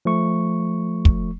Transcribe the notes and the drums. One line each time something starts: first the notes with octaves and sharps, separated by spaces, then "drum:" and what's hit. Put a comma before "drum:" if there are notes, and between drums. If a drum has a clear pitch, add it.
F3 A3 C#6
drum: kick